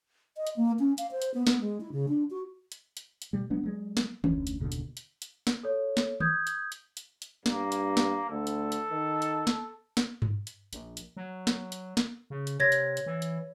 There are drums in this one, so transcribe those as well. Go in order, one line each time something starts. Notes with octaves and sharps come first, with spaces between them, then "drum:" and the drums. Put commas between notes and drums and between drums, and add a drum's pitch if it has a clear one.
D#5
drum: hi-hat
A#3
C#4
F5, drum: hi-hat
C5
drum: hi-hat
B3
B3, drum: snare
G#3
E4
C#3
D4
F#4
drum: hi-hat
drum: hi-hat
drum: hi-hat
B2 G3
F#3 G#3 B3 D4
F#3 G#3
drum: snare
F1 D2 C#4, drum: tom
drum: hi-hat
F#1 D#2 B2 D3
drum: hi-hat
drum: hi-hat
drum: hi-hat
drum: snare
A4 C#5
drum: snare
D#6 G6 G#6, drum: tom
drum: hi-hat
drum: hi-hat
drum: hi-hat
drum: hi-hat
G2 A#3, drum: snare
drum: hi-hat
drum: snare
D2 A4
drum: hi-hat
drum: hi-hat
D#3
drum: hi-hat
drum: snare
drum: snare
drum: tom G2
drum: hi-hat
A#1, drum: hi-hat
drum: hi-hat
F#3
drum: snare
drum: hi-hat
drum: snare
C#3
drum: hi-hat
C3 C#5 G#6 A#6
drum: hi-hat
drum: hi-hat
E3
drum: hi-hat